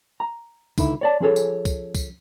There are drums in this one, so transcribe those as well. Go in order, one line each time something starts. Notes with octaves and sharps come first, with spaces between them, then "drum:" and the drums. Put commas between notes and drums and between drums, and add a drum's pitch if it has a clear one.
A#5
C#2 D3 D#4 E4, drum: kick, tambourine
C#5 D5 A5
F3 C#4 G#4 A4 C#5
drum: tambourine
drum: kick, tambourine
drum: kick, tambourine